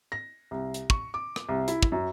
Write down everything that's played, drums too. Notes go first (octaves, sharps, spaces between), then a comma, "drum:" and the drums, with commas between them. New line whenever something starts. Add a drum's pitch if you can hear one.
A#6
C2
drum: hi-hat
C#6, drum: kick
D6
drum: rim click
C2
E4, drum: hi-hat
drum: kick
F#2